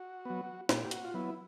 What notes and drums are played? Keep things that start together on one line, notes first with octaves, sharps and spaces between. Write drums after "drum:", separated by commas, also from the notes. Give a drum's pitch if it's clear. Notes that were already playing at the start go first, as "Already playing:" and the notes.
Already playing: F#4
F#3 B3
A#2 G4, drum: snare
G4
F#4, drum: hi-hat
F4
F#3 B3 E4